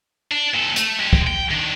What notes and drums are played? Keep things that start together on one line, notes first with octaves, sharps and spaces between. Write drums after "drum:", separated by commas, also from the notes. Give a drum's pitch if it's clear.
D4
A#2 A4
A3, drum: hi-hat
G#3 G4
drum: kick
G5
D#3 D4